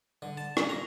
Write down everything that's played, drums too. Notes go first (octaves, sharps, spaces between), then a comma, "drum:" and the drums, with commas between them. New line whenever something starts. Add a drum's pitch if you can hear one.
D3
A5
A#3, drum: rim click
A#5